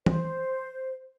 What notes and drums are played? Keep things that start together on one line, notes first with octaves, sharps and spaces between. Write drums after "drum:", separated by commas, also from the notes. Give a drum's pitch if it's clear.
C5, drum: tom